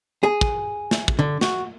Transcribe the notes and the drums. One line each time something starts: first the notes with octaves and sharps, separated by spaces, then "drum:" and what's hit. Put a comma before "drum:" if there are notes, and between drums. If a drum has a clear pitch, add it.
G#4
drum: kick
drum: snare
drum: kick
D3
F#4, drum: snare